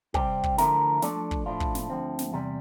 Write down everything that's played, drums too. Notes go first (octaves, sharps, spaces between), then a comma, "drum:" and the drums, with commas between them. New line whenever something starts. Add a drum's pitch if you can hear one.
C3 G3 C4 G4, drum: kick
drum: kick
D3 F3 A3 E4 A#4, drum: snare
F3 A3 D4 A4 D5, drum: snare
drum: kick
A2 F3 A3 D4 F4
drum: kick
drum: snare
D2 D3 F3 C4
drum: snare
E2 C3 G3